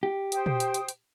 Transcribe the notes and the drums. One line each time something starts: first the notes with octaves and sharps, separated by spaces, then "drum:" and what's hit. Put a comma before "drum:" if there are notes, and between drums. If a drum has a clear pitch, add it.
G4
C5 G5 D#6, drum: hi-hat
drum: tom A#2
drum: hi-hat
drum: hi-hat
drum: hi-hat